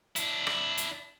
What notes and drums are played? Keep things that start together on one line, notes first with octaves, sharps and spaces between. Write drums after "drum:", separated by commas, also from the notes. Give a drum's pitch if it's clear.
D4 E4, drum: hi-hat
drum: rim click
drum: hi-hat